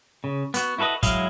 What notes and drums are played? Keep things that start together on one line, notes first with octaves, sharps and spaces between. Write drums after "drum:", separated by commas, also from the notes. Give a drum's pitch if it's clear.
C#3
B3 F#4, drum: hi-hat
E4 F#4 A4 B4 D#5
F#3 G#3 E4 D#5 F5, drum: kick, hi-hat